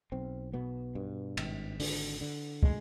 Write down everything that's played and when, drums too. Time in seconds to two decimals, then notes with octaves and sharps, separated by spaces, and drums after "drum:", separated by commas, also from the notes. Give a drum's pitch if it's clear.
0.12 B1 C4
0.53 B2 B3
0.95 G2
1.37 G#1, drum: cymbal
1.80 D3, drum: open hi-hat
2.21 D3
2.63 G#3, drum: kick